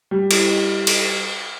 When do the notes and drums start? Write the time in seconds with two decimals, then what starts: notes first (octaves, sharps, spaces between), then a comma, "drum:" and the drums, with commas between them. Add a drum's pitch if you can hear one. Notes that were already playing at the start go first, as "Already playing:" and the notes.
0.11 G3
0.31 E4, drum: cymbal
0.87 drum: cymbal